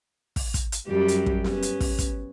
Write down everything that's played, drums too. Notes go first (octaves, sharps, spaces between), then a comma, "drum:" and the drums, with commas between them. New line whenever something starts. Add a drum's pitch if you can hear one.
drum: kick, open hi-hat
drum: kick, hi-hat
drum: hi-hat
F#2 G3 G4
drum: hi-hat
drum: kick
B3 C#4, drum: snare
drum: hi-hat
drum: kick, open hi-hat
drum: kick, hi-hat